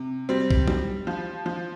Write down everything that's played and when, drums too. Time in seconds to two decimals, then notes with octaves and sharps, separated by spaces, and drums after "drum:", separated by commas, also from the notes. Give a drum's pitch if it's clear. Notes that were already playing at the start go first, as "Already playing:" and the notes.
Already playing: C3
0.29 G3 C4
0.51 drum: kick B1
0.68 G3, drum: tom
1.07 F3
1.46 F3